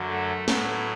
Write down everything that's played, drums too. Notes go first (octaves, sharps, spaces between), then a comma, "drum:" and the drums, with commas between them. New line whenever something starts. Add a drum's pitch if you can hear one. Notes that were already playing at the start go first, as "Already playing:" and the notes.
Already playing: F#2 D3 F#3
A3
A2 F#3 A3 B3, drum: snare